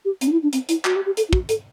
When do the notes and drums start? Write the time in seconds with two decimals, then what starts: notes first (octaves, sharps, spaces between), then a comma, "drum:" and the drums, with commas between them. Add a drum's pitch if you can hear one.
0.05 G4
0.21 C4, drum: hi-hat
0.27 D4
0.32 E4
0.43 D4
0.53 C4, drum: hi-hat
0.69 E4, drum: hi-hat
0.85 F#4, drum: clap
0.96 G4
1.06 G4
1.17 A4, drum: hi-hat
1.29 E4
1.33 F#4, drum: kick
1.49 A4, drum: hi-hat